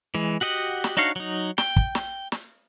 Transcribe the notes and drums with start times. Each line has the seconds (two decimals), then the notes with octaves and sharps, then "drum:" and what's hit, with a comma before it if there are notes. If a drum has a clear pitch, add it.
0.15 E3 G#3
0.41 F#4 G4 D#5 F#5
0.84 drum: snare
0.97 D4 D#4 F#4 C#5 F5
1.16 F#3 D#4
1.58 G5, drum: snare
1.76 drum: kick
1.95 drum: snare
2.32 drum: snare